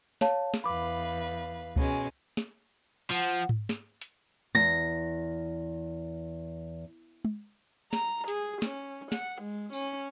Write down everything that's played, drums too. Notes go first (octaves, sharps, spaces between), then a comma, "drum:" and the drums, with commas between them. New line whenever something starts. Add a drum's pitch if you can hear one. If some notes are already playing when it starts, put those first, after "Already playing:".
C#5 F5 A5, drum: snare
drum: snare
E2 B4 F5 B5 D6
B2 G#3 C#4, drum: kick C#2
drum: snare
F3 F#5
drum: tom G#2
drum: snare
drum: hi-hat
E2 A#6, drum: tom G#3
drum: tom G#3
A#5, drum: snare
G#4, drum: hi-hat
C#4, drum: snare
F#5, drum: snare
G#3
C#4, drum: tambourine